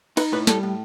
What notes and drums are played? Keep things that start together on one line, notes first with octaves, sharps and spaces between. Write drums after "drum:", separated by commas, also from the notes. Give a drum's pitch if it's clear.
D#4 B4, drum: cymbal
A2 B4
G3 A4, drum: snare
A2